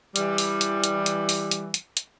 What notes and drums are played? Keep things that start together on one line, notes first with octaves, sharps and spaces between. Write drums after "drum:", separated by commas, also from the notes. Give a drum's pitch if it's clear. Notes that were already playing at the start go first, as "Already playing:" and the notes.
E3 G3, drum: hi-hat
drum: open hi-hat
drum: hi-hat
drum: hi-hat
drum: hi-hat
drum: open hi-hat
drum: hi-hat
drum: hi-hat
drum: hi-hat